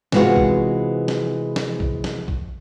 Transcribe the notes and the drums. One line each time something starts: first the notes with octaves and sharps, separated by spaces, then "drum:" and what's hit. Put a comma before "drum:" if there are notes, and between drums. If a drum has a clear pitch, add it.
C3 E3 G#3 B3 F4 F#4, drum: snare
drum: kick A#1
drum: snare
drum: snare
drum: kick A#1
drum: snare
drum: kick A#1